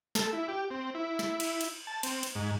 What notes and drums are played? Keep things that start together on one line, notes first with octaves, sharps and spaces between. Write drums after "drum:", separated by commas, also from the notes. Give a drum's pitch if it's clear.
A4, drum: snare
E4
G4
C4
E4
drum: snare
drum: cymbal
drum: cymbal
A5
C4, drum: cymbal
drum: cymbal
G#2